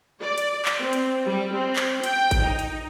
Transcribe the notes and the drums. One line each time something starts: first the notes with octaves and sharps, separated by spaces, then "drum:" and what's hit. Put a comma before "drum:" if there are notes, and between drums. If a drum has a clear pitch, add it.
D5
drum: hi-hat
drum: clap
C4
drum: hi-hat
G3
C4
drum: clap
G5, drum: hi-hat
drum: kick G#1, hi-hat
D#4
drum: hi-hat